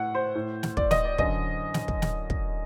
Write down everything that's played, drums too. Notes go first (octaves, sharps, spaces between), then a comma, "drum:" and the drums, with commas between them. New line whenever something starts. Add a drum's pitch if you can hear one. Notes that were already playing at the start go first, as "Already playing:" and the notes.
Already playing: A2 F#5
C5
A2
drum: snare
D5, drum: kick
D#5, drum: snare
D5
F#2 D3 D#5, drum: kick
drum: snare
drum: kick
drum: snare
drum: kick